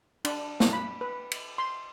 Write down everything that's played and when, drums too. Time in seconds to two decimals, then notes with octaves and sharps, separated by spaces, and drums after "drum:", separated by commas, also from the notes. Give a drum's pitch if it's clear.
0.25 D4, drum: cymbal
0.60 drum: snare
0.73 B5
1.01 B4
1.31 drum: cymbal
1.58 C6